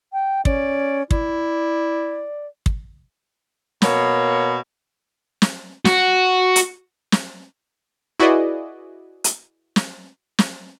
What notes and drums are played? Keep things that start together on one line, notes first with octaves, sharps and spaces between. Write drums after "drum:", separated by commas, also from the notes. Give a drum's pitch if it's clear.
G5
C#4 D5, drum: kick
E4 D5, drum: kick
drum: kick
B2 A#3 C#5, drum: snare
drum: snare
F#4, drum: snare
drum: hi-hat
drum: snare
E4 F#4 G#4 B4 D5 D#5
drum: hi-hat
drum: snare
drum: snare